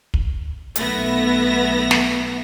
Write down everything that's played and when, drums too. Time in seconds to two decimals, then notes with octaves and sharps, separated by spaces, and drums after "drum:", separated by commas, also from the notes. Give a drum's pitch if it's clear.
0.14 drum: kick
0.75 B1 A3 B3 E5 B5 A#6, drum: hi-hat
1.91 drum: snare